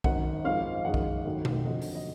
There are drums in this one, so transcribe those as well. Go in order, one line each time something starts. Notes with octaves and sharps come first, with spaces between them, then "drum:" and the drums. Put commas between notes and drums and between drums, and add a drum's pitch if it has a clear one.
G#1 F#2 D#3 F#5, drum: kick
G#1 F#2 F3 G#3 F5
F#1 F#2 D#3 G#3 F#5
drum: kick
F1 D#2 D#3 F#3
drum: tom B2
F2 D3 F#3 D#5
drum: open hi-hat
D#5